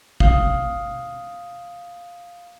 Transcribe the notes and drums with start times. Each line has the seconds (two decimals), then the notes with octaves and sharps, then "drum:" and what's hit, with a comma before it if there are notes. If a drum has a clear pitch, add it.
0.20 F5 D#6, drum: kick